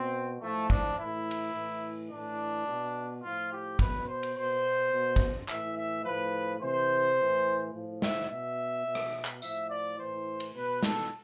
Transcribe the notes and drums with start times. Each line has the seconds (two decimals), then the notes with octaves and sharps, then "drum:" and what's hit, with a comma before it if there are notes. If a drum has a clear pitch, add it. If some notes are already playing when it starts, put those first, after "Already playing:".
Already playing: B2 C4
0.41 A2 F3 A3
0.70 D4, drum: kick
0.98 A2 E3 E4
1.31 drum: cymbal
1.54 A2 E3
2.10 A2 E3 D4
2.66 B2
3.23 A2 F3 F4
3.52 G4
3.79 B2 B4, drum: kick
4.07 C5
4.23 drum: cymbal
4.36 B2 C5
4.92 B2
5.16 drum: kick
5.48 A2 E3 E5, drum: clap
5.77 E5
6.04 A2 F3 B4
6.61 C3 E3 C5
7.17 A2 E3
7.74 A2 F3
8.02 E5, drum: snare
8.30 B2 E5
8.86 B2
8.95 drum: rim click
9.25 drum: clap
9.42 A2 F3 E5, drum: tambourine
9.70 D5
9.98 A2 E3 C5
10.40 drum: cymbal
10.55 B2 B4
10.83 A4, drum: snare